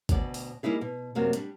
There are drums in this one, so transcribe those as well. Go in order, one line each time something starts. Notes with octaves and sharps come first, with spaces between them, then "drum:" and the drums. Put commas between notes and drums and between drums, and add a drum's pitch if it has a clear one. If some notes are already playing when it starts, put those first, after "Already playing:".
D2 B2 D5, drum: kick, hi-hat
drum: open hi-hat
G3 A#3 D#4 E4 G#4
B2
F#2 C3 A#3 F#4
G3 D4, drum: hi-hat